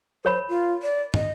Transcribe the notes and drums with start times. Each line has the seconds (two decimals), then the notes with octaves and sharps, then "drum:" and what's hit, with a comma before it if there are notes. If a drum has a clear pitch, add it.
0.25 A#4 C5 C#5 B5
0.49 F4
0.83 D5
1.14 D#5, drum: tom